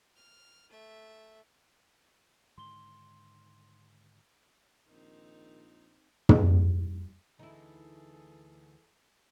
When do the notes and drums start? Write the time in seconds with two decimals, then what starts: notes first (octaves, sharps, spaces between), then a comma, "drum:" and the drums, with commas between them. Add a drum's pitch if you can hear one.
0.16 F6
0.69 A3 E5
2.58 G#2 D3 D#3 C6 G7
4.88 A#1 D#3 C4 D#4
6.29 drum: tom
7.39 D2 E3 D#4 E4 G#4 A4